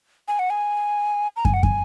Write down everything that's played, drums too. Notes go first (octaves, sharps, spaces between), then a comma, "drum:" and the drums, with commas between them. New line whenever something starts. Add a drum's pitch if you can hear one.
G#5
F#5
G#5
A#5
G#5, drum: kick
F#5
G#5, drum: kick